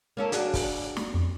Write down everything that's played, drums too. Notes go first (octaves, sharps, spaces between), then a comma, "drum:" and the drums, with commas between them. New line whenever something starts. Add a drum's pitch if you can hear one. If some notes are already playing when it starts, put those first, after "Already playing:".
A#3 C#4 A4
D4 F#4 G#4, drum: hi-hat
drum: kick, open hi-hat
drum: snare
F2